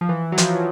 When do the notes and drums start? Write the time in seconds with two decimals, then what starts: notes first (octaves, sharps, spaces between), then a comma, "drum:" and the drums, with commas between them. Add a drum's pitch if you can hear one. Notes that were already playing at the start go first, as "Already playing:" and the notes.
0.01 F3
0.09 E3
0.32 F#3
0.38 F3, drum: hi-hat
0.55 F#3